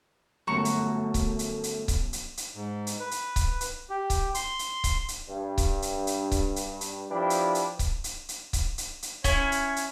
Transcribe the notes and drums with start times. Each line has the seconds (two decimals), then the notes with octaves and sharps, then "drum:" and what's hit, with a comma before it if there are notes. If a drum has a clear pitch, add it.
0.47 G1 F#2 A3 F#4 A#5 C#6
0.65 drum: hi-hat
1.14 drum: kick C#1, hi-hat
1.39 drum: hi-hat
1.63 drum: hi-hat
1.88 drum: kick C#1, hi-hat
2.13 drum: hi-hat
2.37 drum: hi-hat
2.55 G#2
2.87 drum: hi-hat
2.99 B4
3.11 drum: hi-hat
3.36 drum: kick C#1, hi-hat
3.61 drum: hi-hat
3.90 G4
4.10 drum: kick C#1, hi-hat
4.34 C6, drum: hi-hat
4.59 drum: hi-hat
4.84 drum: kick C#1, hi-hat
5.08 drum: hi-hat
5.29 G2
5.58 drum: kick C#1, hi-hat
5.82 drum: hi-hat
6.07 drum: hi-hat
6.31 drum: kick C#1, hi-hat
6.56 drum: hi-hat
6.81 drum: hi-hat
7.10 F3 D4 E4 G4 B4
7.30 drum: hi-hat
7.55 drum: hi-hat
7.79 drum: kick C#1, hi-hat
8.04 drum: hi-hat
8.29 drum: hi-hat
8.53 drum: kick C#1, hi-hat
8.78 drum: hi-hat
9.02 drum: hi-hat
9.24 C#4 E4 C#5, drum: kick C#1, hi-hat
9.52 drum: hi-hat
9.76 drum: hi-hat